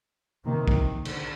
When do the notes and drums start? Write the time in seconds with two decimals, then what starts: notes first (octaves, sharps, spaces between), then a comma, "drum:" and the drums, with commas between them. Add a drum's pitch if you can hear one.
0.44 C3 D#3 A#3
0.68 drum: kick
1.05 D3, drum: cymbal